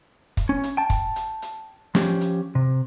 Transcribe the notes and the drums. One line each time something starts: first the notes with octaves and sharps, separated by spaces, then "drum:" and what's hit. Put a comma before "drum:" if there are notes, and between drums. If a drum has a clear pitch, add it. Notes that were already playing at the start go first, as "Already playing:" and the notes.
drum: kick, hi-hat
C#4
drum: hi-hat
G5 A5
drum: kick, hi-hat
drum: hi-hat
drum: hi-hat
F3 C#4 G4, drum: snare
drum: hi-hat
C3